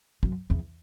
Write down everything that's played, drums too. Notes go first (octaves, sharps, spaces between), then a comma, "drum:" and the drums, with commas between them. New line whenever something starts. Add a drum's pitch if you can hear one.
F#2, drum: kick
E2